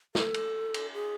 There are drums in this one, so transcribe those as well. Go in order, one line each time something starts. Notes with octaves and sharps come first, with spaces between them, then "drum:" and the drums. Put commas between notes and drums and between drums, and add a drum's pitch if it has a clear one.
A4, drum: snare
drum: cymbal
drum: cymbal
G#4